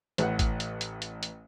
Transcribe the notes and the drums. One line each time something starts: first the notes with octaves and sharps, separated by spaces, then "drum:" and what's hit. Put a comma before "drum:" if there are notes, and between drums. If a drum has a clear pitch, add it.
A1 A2 B4 F#5, drum: hi-hat
drum: kick, hi-hat
drum: hi-hat
drum: hi-hat
drum: hi-hat
drum: hi-hat